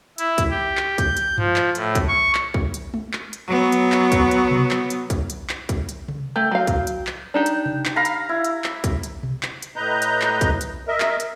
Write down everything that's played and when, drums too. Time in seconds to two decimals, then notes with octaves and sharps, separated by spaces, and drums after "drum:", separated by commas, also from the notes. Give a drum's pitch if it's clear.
0.18 E4, drum: hi-hat
0.38 drum: kick, hi-hat
0.50 G4
0.77 drum: clap
0.98 G6, drum: kick, hi-hat
1.17 drum: hi-hat
1.38 F3, drum: tom G2
1.56 drum: clap
1.75 A2, drum: hi-hat
1.95 drum: kick, hi-hat
2.08 C#6
2.35 drum: clap
2.54 drum: kick
2.74 drum: hi-hat
2.94 drum: tom G#3
3.13 drum: clap
3.33 drum: hi-hat
3.47 F#3 B3
3.72 drum: hi-hat
3.92 drum: clap
4.12 drum: kick, hi-hat
4.31 drum: hi-hat
4.51 drum: tom B2
4.71 drum: clap
4.90 drum: hi-hat
5.10 drum: kick, hi-hat
5.30 drum: hi-hat
5.49 drum: clap
5.69 drum: kick, hi-hat
5.89 drum: hi-hat
6.08 drum: tom C3
6.36 A3 G5
6.51 F#3 F5
6.67 drum: kick, hi-hat
6.87 drum: hi-hat
7.07 drum: clap
7.34 D4 D#4 G4
7.46 drum: hi-hat
7.66 drum: tom C3
7.85 drum: clap
7.96 F5 A#5 B5
8.05 drum: hi-hat
8.29 E4
8.44 drum: hi-hat
8.64 drum: clap
8.84 drum: kick, hi-hat
9.03 drum: hi-hat
9.23 drum: tom B2
9.43 drum: clap
9.62 drum: hi-hat
9.76 A2 B4 D#5 A#5 G6
10.02 drum: hi-hat
10.21 drum: clap
10.41 drum: kick, hi-hat
10.61 drum: hi-hat
10.88 A#4 D#5 E5
11.00 drum: clap
11.20 drum: hi-hat